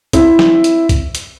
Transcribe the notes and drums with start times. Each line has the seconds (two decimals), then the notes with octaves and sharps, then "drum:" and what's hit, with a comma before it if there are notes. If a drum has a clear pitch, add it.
0.13 C4 E4, drum: kick B1, hi-hat
0.39 drum: snare
0.64 drum: hi-hat
0.89 drum: kick B1, hi-hat
1.15 drum: hi-hat